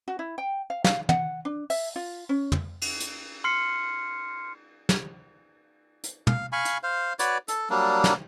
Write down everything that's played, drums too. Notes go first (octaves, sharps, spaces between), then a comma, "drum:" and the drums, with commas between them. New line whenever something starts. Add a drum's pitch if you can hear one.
F#4
E4
G5
F5
F5, drum: snare
F#5, drum: tom
D4
E5, drum: open hi-hat
F4
C#4
drum: tom
drum: cymbal
drum: hi-hat
C6 F6 C7 C#7
drum: snare
drum: hi-hat
F5, drum: tom
F5 G#5 B5 C#6
drum: hi-hat
C5 F5
F#4 B4 C#5 D5, drum: hi-hat
A4, drum: hi-hat
F#3 G3 A#3 D4
drum: snare